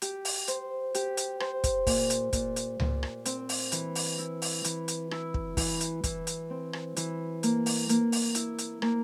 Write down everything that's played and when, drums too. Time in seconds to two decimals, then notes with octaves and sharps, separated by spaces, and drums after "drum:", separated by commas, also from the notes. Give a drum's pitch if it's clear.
0.02 G4, drum: hi-hat
0.25 drum: open hi-hat
0.48 C5, drum: hi-hat
0.95 G4, drum: hi-hat
1.17 drum: hi-hat
1.40 C5, drum: rim click
1.64 drum: kick, hi-hat
1.87 A#2, drum: kick, open hi-hat
2.10 drum: hi-hat
2.33 A#2, drum: kick, hi-hat
2.56 drum: hi-hat
2.80 A#2, drum: tom C#2
3.03 drum: rim click
3.26 C4, drum: hi-hat
3.49 drum: open hi-hat
3.72 E3, drum: hi-hat
3.95 drum: open hi-hat
4.18 E4
4.42 drum: open hi-hat
4.65 E3, drum: hi-hat
4.88 drum: hi-hat
5.11 E4, drum: rim click
5.34 drum: kick
5.57 E3, drum: kick, open hi-hat
5.81 drum: hi-hat
6.04 E3, drum: kick, hi-hat
6.27 drum: hi-hat
6.50 C4
6.73 drum: rim click
6.97 E3, drum: hi-hat
7.43 A#3, drum: hi-hat
7.66 drum: open hi-hat
7.89 A#3, drum: hi-hat
8.12 drum: open hi-hat
8.35 E4, drum: hi-hat
8.59 drum: hi-hat
8.82 A#3, drum: rim click